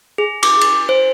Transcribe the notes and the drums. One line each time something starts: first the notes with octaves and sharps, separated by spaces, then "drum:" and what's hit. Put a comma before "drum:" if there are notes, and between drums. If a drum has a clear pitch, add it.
G#4
D6, drum: cymbal
drum: cymbal
C5